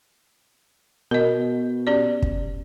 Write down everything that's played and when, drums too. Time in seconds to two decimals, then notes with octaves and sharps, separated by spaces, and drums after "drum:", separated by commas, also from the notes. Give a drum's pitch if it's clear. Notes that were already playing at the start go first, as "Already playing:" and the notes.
1.11 B2 A#4 D#5
1.87 C#4 G4 D5
2.22 drum: kick